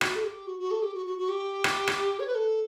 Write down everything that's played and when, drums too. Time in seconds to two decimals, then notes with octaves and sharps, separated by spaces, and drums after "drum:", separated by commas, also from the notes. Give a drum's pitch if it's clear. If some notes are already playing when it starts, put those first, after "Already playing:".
0.01 F#4, drum: rim click
0.16 A4
0.24 G4
0.47 F#4
0.59 F#4
0.71 A4
0.82 G4
0.94 F#4
1.06 F#4
1.18 F#4
1.29 G4
1.64 drum: rim click
1.87 drum: rim click
2.19 C#5
2.27 B4
2.35 A4